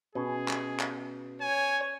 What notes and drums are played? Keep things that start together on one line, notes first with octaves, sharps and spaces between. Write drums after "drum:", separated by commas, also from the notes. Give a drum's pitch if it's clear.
B2 C#4 G#4
drum: clap
drum: clap
C#5 G#5